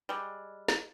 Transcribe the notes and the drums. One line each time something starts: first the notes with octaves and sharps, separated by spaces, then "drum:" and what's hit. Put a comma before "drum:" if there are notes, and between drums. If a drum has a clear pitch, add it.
G3 G#3
drum: snare